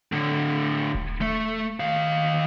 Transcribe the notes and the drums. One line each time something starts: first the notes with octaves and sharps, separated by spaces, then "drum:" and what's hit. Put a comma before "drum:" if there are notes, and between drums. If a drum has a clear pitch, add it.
A2 D3
drum: kick D#1
A3
D#3 F5